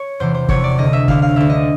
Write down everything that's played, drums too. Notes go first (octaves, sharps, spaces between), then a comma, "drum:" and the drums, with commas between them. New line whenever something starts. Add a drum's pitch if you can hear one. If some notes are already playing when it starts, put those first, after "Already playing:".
Already playing: C#5
E2 C3 E3 C5
C5
E2 C3 E3 C#5, drum: kick
D5
D2 D3 D#5
E5
D2 D3 F5, drum: kick
F5
D2 D3 E5
D#5